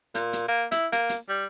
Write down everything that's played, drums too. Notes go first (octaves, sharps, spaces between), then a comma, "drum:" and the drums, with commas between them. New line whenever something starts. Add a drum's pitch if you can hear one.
A#2, drum: hi-hat
drum: hi-hat
A#3
E4, drum: hi-hat
A#3, drum: hi-hat
drum: hi-hat
G3